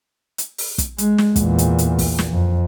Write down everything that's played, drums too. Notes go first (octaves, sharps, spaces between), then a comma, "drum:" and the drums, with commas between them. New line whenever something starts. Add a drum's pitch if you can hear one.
drum: hi-hat
drum: open hi-hat
drum: kick, hi-hat
G#3, drum: hi-hat
drum: snare
E2 A#2, drum: kick, hi-hat
drum: hi-hat
drum: hi-hat
drum: kick, open hi-hat
drum: snare
F2